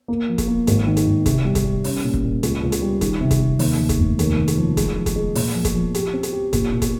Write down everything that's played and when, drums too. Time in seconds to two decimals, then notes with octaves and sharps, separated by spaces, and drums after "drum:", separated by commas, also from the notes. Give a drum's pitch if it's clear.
0.08 A#3
0.28 F3
0.38 drum: kick, hi-hat
0.47 A#3
0.67 G#1, drum: hi-hat
0.87 D#3
0.97 drum: hi-hat
1.07 G#1
1.26 C3, drum: kick, hi-hat
1.45 G3
1.55 drum: kick, hi-hat
1.64 G3
1.84 C#4, drum: open hi-hat
2.04 A#2
2.14 drum: kick
2.24 A#2
2.43 C#2, drum: hi-hat
2.63 C#2
2.72 drum: hi-hat
2.82 G3
3.01 D#3, drum: kick, hi-hat
3.21 C3
3.31 drum: kick, hi-hat
3.40 C3
3.59 D#2, drum: open hi-hat
3.79 D#2
3.89 drum: kick, hi-hat
3.99 F1
4.19 D#2, drum: hi-hat
4.38 D#2
4.48 drum: hi-hat
4.57 F3
4.77 G#3, drum: kick, hi-hat
4.96 F3
5.06 drum: kick, hi-hat
5.16 G#3
5.35 A#2, drum: open hi-hat
5.55 F3
5.65 drum: kick, hi-hat
5.74 F3
5.94 G4, drum: hi-hat
6.13 C4
6.23 drum: hi-hat
6.33 G4
6.53 A#1, drum: kick, hi-hat
6.72 A#2
6.82 drum: kick, hi-hat